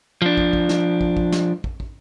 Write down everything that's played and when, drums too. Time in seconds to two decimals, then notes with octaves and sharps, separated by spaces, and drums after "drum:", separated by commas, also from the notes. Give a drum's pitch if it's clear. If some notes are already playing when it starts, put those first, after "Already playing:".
0.22 F3 D4
0.37 drum: kick
0.53 drum: kick
0.69 drum: snare
1.01 drum: kick
1.17 drum: kick
1.32 drum: snare
1.64 drum: kick
1.80 drum: kick